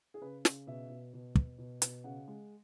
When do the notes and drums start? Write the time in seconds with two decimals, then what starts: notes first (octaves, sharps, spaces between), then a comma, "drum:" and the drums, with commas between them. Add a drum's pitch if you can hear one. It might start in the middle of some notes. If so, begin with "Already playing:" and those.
0.14 G#4
0.21 C#3 B4
0.45 C#3, drum: snare
0.67 B2 E5
0.90 B2
1.13 B2
1.35 B2, drum: kick
1.58 B2
1.82 B2, drum: hi-hat
2.04 C#3 F#5
2.28 G#3